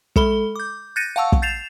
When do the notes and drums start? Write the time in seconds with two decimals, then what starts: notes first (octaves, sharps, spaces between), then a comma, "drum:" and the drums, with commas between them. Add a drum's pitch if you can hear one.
0.16 G#3 A4 B5 G7, drum: kick
0.56 D6 G6
0.96 F#6 G6 A6 A#6 C#7 D#7
1.16 F5 F#5 A5 C#6 E6
1.32 drum: kick
1.42 G6 A6 C7 E7 F7